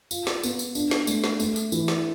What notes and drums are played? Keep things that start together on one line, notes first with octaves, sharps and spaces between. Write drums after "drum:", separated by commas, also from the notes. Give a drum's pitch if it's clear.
F4, drum: tambourine
drum: snare
B3, drum: tambourine
drum: tambourine
D4, drum: tambourine
drum: snare
A3, drum: tambourine
drum: snare
A3, drum: tambourine
drum: tambourine
E3, drum: tambourine
drum: snare